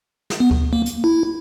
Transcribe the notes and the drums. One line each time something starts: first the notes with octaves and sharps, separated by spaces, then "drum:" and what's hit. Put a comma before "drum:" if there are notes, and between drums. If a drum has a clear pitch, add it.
drum: snare
B3
drum: kick D2
A#3
drum: hi-hat
E4